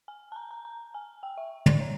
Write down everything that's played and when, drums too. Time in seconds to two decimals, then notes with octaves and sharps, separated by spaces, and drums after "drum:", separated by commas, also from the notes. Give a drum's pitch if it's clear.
0.08 G#5
0.32 A5
0.36 A#5
0.51 A#5
0.65 A#5
0.94 G#5
1.23 G5
1.37 E5
1.66 D5, drum: tom
1.81 C#5